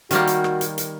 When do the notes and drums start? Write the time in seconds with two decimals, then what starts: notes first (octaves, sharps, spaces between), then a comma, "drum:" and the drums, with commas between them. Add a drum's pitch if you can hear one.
0.11 D#3 G3 A#3 F#4, drum: hi-hat
0.27 drum: hi-hat
0.44 drum: rim click
0.61 drum: hi-hat
0.78 drum: hi-hat